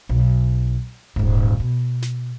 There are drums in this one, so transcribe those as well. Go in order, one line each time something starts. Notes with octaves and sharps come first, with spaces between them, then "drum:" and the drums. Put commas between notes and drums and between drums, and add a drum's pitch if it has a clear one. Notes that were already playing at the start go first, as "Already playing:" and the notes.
B1
D#1 G#2, drum: kick E1
B2
drum: snare